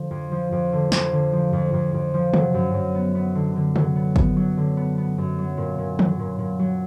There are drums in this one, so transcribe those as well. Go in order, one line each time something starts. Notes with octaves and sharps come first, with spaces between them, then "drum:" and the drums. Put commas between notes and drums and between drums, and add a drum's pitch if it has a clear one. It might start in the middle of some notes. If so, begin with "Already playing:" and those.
Already playing: D3 F3
F2
F3
F2
D3
F2, drum: snare
D3
F3
F2
F2
F2
F3
F#3, drum: tom
F#2
F#2
B3
B3
D3
D3
F#3, drum: tom
B3
B3, drum: kick G#1
F#3
D3
B3
B3
F#2
F#3
A#2
A#2
F#3, drum: tom
A#2
A#2
F#3